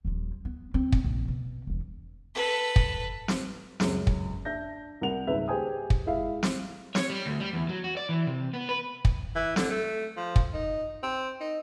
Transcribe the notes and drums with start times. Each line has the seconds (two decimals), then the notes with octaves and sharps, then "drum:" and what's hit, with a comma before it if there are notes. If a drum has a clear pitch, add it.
0.05 D#1 F3
0.45 B3
0.74 C4
0.92 drum: kick
1.04 A#1
1.28 B2
1.67 E1 E3
2.35 A4 B4
2.76 drum: kick
3.28 drum: snare
3.80 C#2 F#2, drum: snare
4.07 drum: kick
4.45 D4 E5 G6 A#6
5.01 C2 A#4 F#5 F7
5.27 D#1 G#1 C#2 B4 E5
5.48 G4 G#4 C5 G5 G#5 D#6
5.90 drum: kick
6.06 G#3 E4 E5 F5
6.43 drum: snare
6.95 C#5, drum: snare
7.10 G3
7.26 D2
7.40 G3
7.53 E2
7.69 F#3
7.84 F#4
7.97 D5
8.09 E3
8.27 C3
8.54 B3
8.69 B4
9.05 drum: kick
9.35 E3
9.56 D3, drum: snare
9.70 A3
10.17 F3
10.36 drum: kick
10.54 D#4
11.03 C4
11.40 D#4